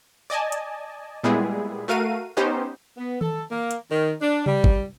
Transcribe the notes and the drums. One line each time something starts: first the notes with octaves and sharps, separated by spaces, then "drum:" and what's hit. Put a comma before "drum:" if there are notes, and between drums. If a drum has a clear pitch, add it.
D5 D#5 G#5 A5
drum: hi-hat
A#2 G3 G#3 B3 E4 G#4
A3 F#4 A#4 F5 D#7
B3 C#4 D#4 G4 C5
B3
A4, drum: tom D#3
A#3
drum: hi-hat
D#3
D4
G3, drum: tom C3
drum: kick